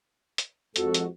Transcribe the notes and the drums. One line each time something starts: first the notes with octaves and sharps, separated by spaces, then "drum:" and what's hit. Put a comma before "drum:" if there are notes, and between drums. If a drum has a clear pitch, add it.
drum: hi-hat
F2 G#2 F#4 A4, drum: hi-hat
drum: hi-hat